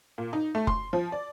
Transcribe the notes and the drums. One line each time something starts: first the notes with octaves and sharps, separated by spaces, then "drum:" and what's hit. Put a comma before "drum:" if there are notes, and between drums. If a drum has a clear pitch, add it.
A#2
D#4
A3
C6, drum: kick F1
F3
D5